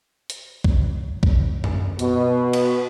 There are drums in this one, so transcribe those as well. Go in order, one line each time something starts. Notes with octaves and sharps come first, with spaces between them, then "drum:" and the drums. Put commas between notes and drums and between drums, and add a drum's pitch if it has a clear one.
drum: hi-hat
drum: kick
drum: kick
drum: tom F#2
B2, drum: hi-hat
drum: cymbal